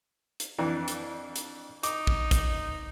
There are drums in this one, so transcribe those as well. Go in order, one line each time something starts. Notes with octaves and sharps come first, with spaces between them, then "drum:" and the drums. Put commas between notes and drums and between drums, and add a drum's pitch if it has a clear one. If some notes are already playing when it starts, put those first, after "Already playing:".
drum: hi-hat
F2 E3 D4
drum: hi-hat
drum: hi-hat
D#4 D6, drum: hi-hat
drum: kick
drum: kick, hi-hat